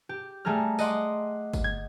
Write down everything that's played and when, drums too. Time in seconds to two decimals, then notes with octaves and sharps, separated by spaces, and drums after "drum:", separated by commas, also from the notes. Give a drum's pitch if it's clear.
0.09 G4
0.45 G3 A3 G#4 A#5 F6
0.79 D#5 F#5 C6 D6, drum: tambourine
1.54 drum: kick, tambourine
1.64 G#6